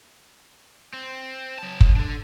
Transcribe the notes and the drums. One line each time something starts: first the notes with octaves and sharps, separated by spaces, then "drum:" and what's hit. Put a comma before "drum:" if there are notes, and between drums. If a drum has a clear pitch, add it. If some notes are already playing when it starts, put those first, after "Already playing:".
C4
F#3 A5
drum: kick
D4 A4